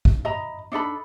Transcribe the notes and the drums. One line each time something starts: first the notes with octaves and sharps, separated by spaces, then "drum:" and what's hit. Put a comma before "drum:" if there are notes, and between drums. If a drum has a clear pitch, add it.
drum: kick
D#5 A#5 B5
D4 D#4 A4 B5